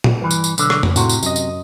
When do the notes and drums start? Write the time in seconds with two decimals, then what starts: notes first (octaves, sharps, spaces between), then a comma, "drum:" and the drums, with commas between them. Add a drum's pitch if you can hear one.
0.04 drum: tom A#2
0.21 G2 E3
0.31 drum: tambourine
0.44 drum: tambourine
0.58 B1 D3, drum: tambourine
0.70 drum: rim click
0.83 drum: tom F2
0.96 A2 C3 F#4, drum: tambourine
1.09 drum: tambourine
1.23 F#2 D#5, drum: tambourine
1.36 drum: tambourine